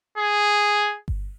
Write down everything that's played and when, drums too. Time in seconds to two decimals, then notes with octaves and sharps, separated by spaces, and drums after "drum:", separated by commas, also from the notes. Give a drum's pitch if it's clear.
0.18 G#4
1.08 drum: kick G1